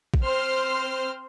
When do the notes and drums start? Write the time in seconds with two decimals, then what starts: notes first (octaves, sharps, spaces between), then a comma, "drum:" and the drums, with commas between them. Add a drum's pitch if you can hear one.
0.14 drum: kick A#1
0.24 C4 C5 C6 F6